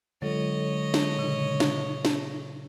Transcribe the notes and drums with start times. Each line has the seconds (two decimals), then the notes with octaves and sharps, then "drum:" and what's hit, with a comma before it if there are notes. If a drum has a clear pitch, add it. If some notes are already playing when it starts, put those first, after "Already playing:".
0.22 D3 F#3 G#3 F4 A4 C#5 D#5
0.94 drum: snare
1.16 A#2 C#3
1.60 drum: snare
2.05 drum: snare